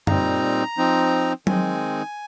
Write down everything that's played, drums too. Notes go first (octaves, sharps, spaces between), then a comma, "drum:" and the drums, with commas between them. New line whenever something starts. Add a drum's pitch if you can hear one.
A#2 G3 C4 D#4 A#5, drum: tom F#2
F3 C4 D#4
D#3 G#3 C4 D#4 G#5, drum: tom F#3